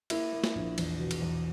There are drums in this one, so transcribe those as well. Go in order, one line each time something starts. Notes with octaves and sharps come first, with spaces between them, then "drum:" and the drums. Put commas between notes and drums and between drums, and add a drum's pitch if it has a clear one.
A#3 E4, drum: cymbal
A#3
drum: snare
A#1
E2, drum: cymbal
B2
drum: cymbal
E2